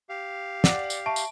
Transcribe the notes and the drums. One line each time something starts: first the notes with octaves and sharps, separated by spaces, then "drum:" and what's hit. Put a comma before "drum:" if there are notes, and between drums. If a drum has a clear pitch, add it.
G4 F5
D5 F#5, drum: snare
drum: tambourine
E5 A5 C#6 D7
drum: tambourine